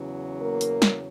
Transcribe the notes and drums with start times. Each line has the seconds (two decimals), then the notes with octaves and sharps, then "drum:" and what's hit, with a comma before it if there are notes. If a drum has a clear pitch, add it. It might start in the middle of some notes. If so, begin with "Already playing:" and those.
Already playing: E2 C#3 F#3
0.40 A#3 A#4
0.61 drum: hi-hat
0.82 drum: snare